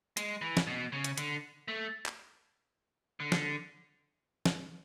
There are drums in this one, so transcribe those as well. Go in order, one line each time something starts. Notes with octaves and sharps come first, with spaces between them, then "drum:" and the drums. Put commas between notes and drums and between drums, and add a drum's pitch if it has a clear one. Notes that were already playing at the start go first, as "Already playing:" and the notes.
G#3, drum: hi-hat
E3
drum: snare
B2
C#3
drum: hi-hat
D3, drum: hi-hat
A3
drum: clap
D3
drum: snare
drum: snare